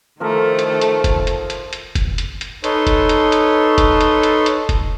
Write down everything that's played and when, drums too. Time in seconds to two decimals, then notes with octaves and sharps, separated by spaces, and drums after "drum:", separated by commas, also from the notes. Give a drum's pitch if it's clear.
0.20 D#3 F3 A3 A4 A#4
0.59 drum: hi-hat
0.81 drum: hi-hat
1.04 drum: kick, hi-hat
1.27 drum: hi-hat
1.50 drum: hi-hat
1.73 drum: hi-hat
1.95 drum: kick, hi-hat
2.18 drum: hi-hat
2.41 drum: hi-hat
2.64 D#4 A4 B4 C#5 C6, drum: hi-hat
2.87 drum: kick, hi-hat
3.09 drum: hi-hat
3.32 drum: hi-hat
3.78 drum: kick, hi-hat
4.01 drum: hi-hat
4.23 drum: hi-hat
4.46 drum: hi-hat
4.69 drum: kick, hi-hat